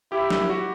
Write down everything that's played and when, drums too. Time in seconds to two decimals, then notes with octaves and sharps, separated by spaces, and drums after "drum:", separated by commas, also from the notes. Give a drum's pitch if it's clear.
0.12 E4 G4
0.31 drum: snare
0.49 F#4